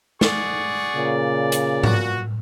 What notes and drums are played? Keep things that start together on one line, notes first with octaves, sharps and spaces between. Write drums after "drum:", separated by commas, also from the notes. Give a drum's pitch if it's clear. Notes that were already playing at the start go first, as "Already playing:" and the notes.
G#4 D5 F#5 C#6, drum: snare
A#2 C#3
drum: hi-hat
F#4, drum: tom G#2